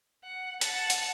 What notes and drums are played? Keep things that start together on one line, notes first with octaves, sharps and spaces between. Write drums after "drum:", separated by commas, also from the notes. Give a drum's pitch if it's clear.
F#5
F#5 A5, drum: hi-hat
drum: hi-hat